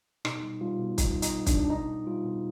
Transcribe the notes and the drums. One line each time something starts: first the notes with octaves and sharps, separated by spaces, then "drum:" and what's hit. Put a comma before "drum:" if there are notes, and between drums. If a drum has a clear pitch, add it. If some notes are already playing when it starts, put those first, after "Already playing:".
B2 D#4, drum: rim click
G3
G3 F4
B2
B2 D#4, drum: kick, hi-hat
G3
D#4, drum: hi-hat
G3
D4, drum: kick, hi-hat
B2
D4
B2 D#4
G3
G3 F4
B2